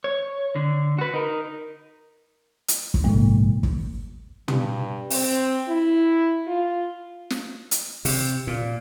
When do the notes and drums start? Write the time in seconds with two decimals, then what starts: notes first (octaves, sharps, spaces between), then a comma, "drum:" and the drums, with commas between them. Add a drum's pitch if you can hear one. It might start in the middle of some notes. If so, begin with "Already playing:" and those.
0.04 C#5
0.56 D3
0.98 F#4 B4
1.14 D#4 A#4
2.68 drum: hi-hat
2.94 drum: kick
3.04 A#1 G#2 C3 A#3
3.63 drum: kick
4.48 G2, drum: tom
5.10 C4, drum: open hi-hat
5.68 E4
6.47 F4
7.30 drum: snare
7.71 drum: hi-hat
8.05 C3, drum: open hi-hat
8.47 A#2